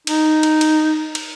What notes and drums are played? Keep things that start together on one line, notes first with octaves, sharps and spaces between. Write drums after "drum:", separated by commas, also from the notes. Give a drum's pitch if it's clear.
D#4, drum: cymbal
drum: cymbal
drum: cymbal
drum: cymbal